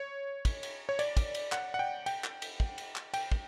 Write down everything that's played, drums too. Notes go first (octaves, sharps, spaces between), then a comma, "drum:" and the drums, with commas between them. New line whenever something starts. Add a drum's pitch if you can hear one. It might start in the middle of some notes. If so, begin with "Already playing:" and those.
Already playing: C#5
drum: kick, cymbal
drum: cymbal
C#5
D5, drum: cymbal
drum: kick, cymbal
drum: cymbal
F#5, drum: clap
F#5
G5
G5, drum: cymbal
drum: clap
drum: cymbal
drum: kick
drum: cymbal
drum: clap
G5, drum: cymbal
drum: kick